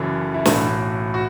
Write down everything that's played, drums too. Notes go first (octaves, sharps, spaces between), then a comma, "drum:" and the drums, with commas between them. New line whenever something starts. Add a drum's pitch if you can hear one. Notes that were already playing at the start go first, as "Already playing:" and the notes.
Already playing: F#1 F#2 E3 A4
E4
B1 A2 E3 F#4, drum: snare
F#4